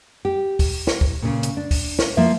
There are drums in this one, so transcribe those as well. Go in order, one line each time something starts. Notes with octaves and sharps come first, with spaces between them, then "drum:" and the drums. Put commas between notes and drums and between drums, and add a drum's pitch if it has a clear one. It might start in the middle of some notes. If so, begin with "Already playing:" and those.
G4
drum: kick D2, open hi-hat
drum: snare
drum: kick D2
A#2 C#3
drum: hi-hat
D4
drum: kick D2, open hi-hat
drum: snare
F3 A#3 E5